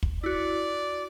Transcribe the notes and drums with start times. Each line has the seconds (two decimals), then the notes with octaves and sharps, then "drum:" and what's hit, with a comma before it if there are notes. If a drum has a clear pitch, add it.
0.03 drum: kick
0.24 E4 F#4 D5